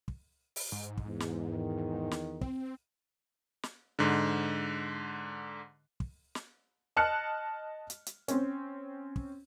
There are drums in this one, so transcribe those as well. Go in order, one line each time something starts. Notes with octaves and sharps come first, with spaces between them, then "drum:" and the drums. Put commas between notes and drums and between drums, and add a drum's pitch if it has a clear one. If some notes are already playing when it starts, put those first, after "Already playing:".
drum: kick
drum: open hi-hat
G#2
drum: kick
E2
drum: snare
D#3
drum: snare
C4, drum: kick
drum: snare
G#2 D3
drum: kick
drum: snare
D#5 A5 F6 F#6 C#7
drum: hi-hat
drum: hi-hat
C4 C#4, drum: hi-hat
drum: kick